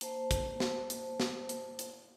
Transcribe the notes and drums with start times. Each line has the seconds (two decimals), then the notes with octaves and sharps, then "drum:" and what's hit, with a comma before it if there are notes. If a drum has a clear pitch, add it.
0.01 A#3 C5 A5, drum: hi-hat
0.31 drum: kick, hi-hat
0.60 drum: snare
0.90 drum: hi-hat
1.20 drum: snare
1.49 drum: hi-hat
1.79 drum: hi-hat